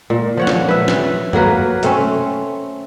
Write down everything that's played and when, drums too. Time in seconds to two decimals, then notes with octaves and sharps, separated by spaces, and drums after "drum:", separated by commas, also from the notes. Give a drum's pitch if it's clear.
0.10 A#2
0.37 F3 C#5 F#5
0.47 drum: snare
0.69 B4 E5
0.88 drum: snare
1.33 F#3 A#3 A#4 B4, drum: tom G2
1.83 A3 C4 C#4, drum: hi-hat